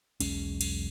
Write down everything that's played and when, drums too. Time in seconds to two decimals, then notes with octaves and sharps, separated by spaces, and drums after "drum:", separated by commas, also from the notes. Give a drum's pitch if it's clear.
0.20 E1 B1 G#3 C#4, drum: cymbal
0.61 drum: cymbal